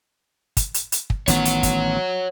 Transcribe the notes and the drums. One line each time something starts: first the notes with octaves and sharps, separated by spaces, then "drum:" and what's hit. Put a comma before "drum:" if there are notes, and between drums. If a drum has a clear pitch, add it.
drum: kick, hi-hat
drum: hi-hat
drum: hi-hat
drum: kick
A1 D#3 B3 C#5 F#5, drum: hi-hat
drum: hi-hat
drum: kick, hi-hat